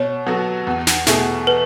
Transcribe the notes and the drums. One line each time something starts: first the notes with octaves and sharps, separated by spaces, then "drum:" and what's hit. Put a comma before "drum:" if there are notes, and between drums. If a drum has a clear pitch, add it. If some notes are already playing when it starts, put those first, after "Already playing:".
Already playing: B2 C#5
F#3 B3 F#4 A4
E2
drum: snare
B2 A3 E4 G#4, drum: snare
B4